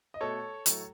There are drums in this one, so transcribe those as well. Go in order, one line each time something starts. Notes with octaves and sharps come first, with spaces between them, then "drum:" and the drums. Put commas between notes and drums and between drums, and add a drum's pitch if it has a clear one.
D#5
B2 A3 A4 C#5
A2 F#3 A3, drum: hi-hat